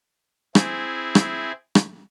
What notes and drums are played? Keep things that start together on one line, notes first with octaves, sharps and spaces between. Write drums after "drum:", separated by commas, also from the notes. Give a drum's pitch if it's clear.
C4 E4 G#4, drum: rim click
drum: rim click
drum: rim click